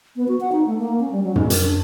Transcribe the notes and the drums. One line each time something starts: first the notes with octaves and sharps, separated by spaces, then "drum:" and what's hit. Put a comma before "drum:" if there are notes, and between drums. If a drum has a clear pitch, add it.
B3
F#4
F#5
D#4
A3
A#3
C#4
G3
F#3
C#4, drum: tom
A#4, drum: hi-hat
D4